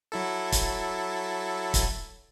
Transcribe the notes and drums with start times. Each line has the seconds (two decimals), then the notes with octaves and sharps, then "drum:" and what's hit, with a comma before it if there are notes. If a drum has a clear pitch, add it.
0.12 F#3 E4 A4
0.52 drum: kick, hi-hat
1.74 drum: kick, hi-hat